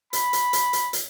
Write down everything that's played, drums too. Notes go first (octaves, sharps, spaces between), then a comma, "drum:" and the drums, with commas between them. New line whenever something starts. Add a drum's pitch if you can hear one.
B5, drum: hi-hat
drum: hi-hat
drum: hi-hat
drum: hi-hat
drum: hi-hat